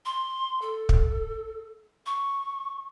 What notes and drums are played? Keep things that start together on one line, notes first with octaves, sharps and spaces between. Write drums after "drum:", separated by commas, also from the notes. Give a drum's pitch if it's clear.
C6
A4
drum: kick
C#6